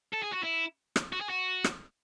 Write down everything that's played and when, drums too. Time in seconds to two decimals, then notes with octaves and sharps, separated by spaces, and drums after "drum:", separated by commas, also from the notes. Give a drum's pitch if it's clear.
0.14 A4
0.24 G#4
0.34 F#4
0.44 E4
0.96 drum: rim click
1.13 F#4
1.21 G#4
1.30 F#4
1.64 drum: rim click